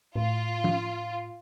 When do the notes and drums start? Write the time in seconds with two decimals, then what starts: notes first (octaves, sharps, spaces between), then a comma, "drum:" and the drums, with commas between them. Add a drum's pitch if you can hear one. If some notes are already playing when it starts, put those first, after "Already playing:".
0.16 A2 F4
0.64 drum: tom